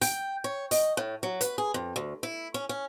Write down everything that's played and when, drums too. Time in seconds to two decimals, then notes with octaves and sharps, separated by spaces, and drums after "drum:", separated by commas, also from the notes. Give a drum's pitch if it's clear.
0.01 G5, drum: open hi-hat
0.44 C#5
0.71 D#5, drum: open hi-hat
0.97 A2
1.23 F#3
1.41 B4, drum: hi-hat
1.58 G#4
1.74 F2
1.96 D2
2.23 E4
2.54 C#4
2.69 C#4